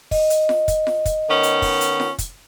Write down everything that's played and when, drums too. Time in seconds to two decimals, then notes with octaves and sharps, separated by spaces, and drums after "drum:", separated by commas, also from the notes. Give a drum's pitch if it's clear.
0.11 D#5, drum: kick, open hi-hat
0.30 drum: hi-hat
0.49 drum: snare F4
0.68 drum: kick, hi-hat
0.87 drum: snare F4
1.05 drum: kick, hi-hat
1.28 D#3 B3 C#4
1.43 drum: hi-hat
1.62 drum: kick, open hi-hat
1.81 drum: hi-hat
2.00 drum: snare F4
2.18 drum: kick, hi-hat